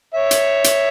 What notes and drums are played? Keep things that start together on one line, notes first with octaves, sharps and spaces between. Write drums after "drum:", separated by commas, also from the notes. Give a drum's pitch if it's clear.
C#5 E5
drum: hi-hat
drum: hi-hat